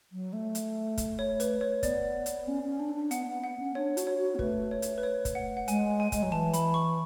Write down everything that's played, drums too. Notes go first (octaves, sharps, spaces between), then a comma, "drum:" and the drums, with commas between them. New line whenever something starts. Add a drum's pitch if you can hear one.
F#3
A3
drum: hi-hat
drum: kick, hi-hat
C#5
B4, drum: hi-hat
C#5
B3 D5, drum: kick, hi-hat
drum: hi-hat
C#4
C#4
D4
D4
B3 F#5, drum: hi-hat
B3
B3 F#5
C#4
D4 C#5
F#4, drum: hi-hat
C#5
F#4
B3
A3 B4, drum: kick
C#5
drum: hi-hat
B4
C#5
drum: kick, hi-hat
F#5
F#5
G#3 G#5, drum: hi-hat
G#5
G#3, drum: kick, hi-hat
F#3
E3 A5
B5, drum: hi-hat
C#6